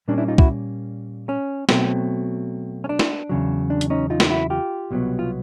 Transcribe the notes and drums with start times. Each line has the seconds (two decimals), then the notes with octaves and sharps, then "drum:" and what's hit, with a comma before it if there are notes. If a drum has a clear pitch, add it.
0.08 A#2 G3 A#3 C#4 D4
0.18 D4 E4
0.28 D#4 F4
0.38 E4 F#4, drum: kick
1.29 C#4
1.69 B2 F#3 A3 C4, drum: snare
2.84 C#4
2.89 D4
2.99 drum: snare
3.29 E2 C#3 F#3
3.70 D4
3.81 drum: hi-hat
3.90 C#4 D#4
4.10 D#4 F4
4.20 drum: snare
4.30 E4 F#4
4.50 F4 G4
4.91 C2 B2 F#3 B3
5.19 F4